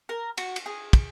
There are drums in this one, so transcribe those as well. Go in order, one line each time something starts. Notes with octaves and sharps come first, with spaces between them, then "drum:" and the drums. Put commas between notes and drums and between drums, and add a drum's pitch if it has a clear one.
A#4
F#4, drum: cymbal
drum: cymbal
G#4
drum: kick, cymbal